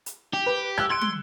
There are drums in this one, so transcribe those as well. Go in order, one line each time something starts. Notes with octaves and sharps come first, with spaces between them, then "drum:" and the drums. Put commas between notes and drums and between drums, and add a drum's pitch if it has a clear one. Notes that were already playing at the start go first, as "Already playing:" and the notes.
drum: hi-hat
G4
B4
E6 F#6 G#6, drum: rim click
C6 G#6 C#7 D7
drum: tom